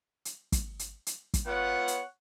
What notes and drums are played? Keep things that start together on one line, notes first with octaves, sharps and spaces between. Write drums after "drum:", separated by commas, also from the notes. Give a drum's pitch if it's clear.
drum: hi-hat
drum: kick, hi-hat
drum: hi-hat
drum: hi-hat
drum: kick, hi-hat
B3 F4 C#5 F#5
drum: hi-hat